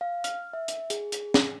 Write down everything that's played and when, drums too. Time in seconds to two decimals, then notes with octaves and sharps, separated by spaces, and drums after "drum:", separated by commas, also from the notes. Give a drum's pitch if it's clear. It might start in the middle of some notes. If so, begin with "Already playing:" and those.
0.01 F5
0.24 F6, drum: hi-hat
0.53 E5
0.68 drum: hi-hat
0.90 G#4, drum: hi-hat
1.12 drum: hi-hat
1.34 drum: snare